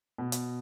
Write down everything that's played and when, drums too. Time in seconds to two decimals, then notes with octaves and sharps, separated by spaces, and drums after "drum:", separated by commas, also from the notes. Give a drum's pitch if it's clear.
0.18 B2
0.32 drum: hi-hat